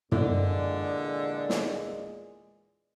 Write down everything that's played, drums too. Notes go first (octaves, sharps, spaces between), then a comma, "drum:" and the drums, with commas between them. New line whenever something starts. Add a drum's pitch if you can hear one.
E2 A#2 D3 G#3, drum: tom
drum: snare